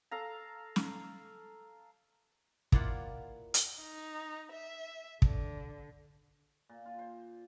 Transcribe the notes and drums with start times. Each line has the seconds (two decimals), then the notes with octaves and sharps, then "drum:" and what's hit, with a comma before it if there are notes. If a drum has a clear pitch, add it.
0.11 A4 F5 A#5
0.76 drum: snare
2.72 A#3 E4 F4 D5 F#5, drum: kick
3.54 drum: hi-hat
3.82 D#4
4.52 E5
5.22 D3, drum: kick
6.69 A#2
6.86 F4
6.99 C5